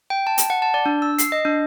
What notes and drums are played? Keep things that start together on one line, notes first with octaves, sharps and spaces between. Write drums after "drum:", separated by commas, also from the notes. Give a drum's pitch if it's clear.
G5
A5
drum: hi-hat
F#5
A5
D5
D4
E6
C7, drum: hi-hat
D#5
D4